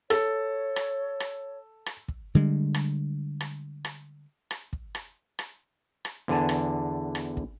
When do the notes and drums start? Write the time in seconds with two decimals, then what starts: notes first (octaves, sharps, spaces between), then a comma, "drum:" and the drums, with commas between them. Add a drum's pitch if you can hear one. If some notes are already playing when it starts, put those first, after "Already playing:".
0.10 A4 C#5, drum: rim click
0.76 drum: rim click
1.20 drum: rim click
1.86 drum: rim click
2.08 drum: kick
2.35 D3 G3 G#3
2.74 drum: rim click
3.41 drum: rim click
3.85 drum: rim click
4.51 drum: rim click
4.73 drum: kick
4.95 drum: rim click
5.39 drum: rim click
6.05 drum: rim click
6.28 E2 D3 D4 G#5 A5
6.49 drum: rim click
7.15 drum: rim click
7.37 drum: kick